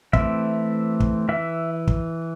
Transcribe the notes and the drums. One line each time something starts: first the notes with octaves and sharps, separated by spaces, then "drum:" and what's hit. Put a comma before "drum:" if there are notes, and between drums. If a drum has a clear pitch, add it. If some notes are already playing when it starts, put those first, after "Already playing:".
E3 A3 C4 E5, drum: kick
drum: kick
E3 E5
drum: kick